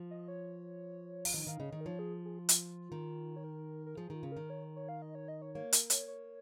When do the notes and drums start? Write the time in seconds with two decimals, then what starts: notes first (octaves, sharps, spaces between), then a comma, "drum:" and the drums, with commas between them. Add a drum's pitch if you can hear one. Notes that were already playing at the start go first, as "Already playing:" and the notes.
Already playing: F3
0.11 D#5
0.28 C#5
1.25 F5, drum: open hi-hat
1.33 D#3 D#5
1.47 D#3 F5
1.60 C#3 D#5
1.73 D#3
1.81 A#4
1.86 F3 C#5
1.99 G#4
2.25 G#4
2.39 F4
2.49 drum: hi-hat
2.92 D#3
3.36 C#5
3.44 A#4
3.86 A#4
3.97 F3 G#4
4.10 D#3 F4
4.23 C#3
4.32 D#3 A#4
4.50 C#5
4.76 C#5
4.89 F5
5.02 D#5
5.15 C#5
5.28 D#5
5.42 C#5
5.55 A#3 C#5
5.73 A#4, drum: hi-hat
5.90 C#5, drum: hi-hat
6.08 C#5